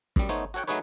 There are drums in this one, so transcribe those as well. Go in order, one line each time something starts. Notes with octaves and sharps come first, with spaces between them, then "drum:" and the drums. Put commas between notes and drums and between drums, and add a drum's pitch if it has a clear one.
F#2 G3, drum: kick
A3 B3 D#4 C5 C#5
F#4 A4 C#5 F#5 G5
F#3 A3 D#4 G#4 B4 C#5